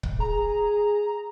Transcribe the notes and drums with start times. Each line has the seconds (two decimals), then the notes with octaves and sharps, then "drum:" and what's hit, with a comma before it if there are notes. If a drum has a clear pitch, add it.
0.03 drum: kick C#1
0.20 G#4 A#5